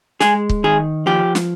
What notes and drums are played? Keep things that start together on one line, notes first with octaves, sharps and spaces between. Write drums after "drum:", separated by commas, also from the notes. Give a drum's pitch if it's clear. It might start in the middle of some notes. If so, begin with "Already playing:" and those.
G#3 G#4, drum: snare
drum: kick
D#3 G#4
F3 G4
drum: snare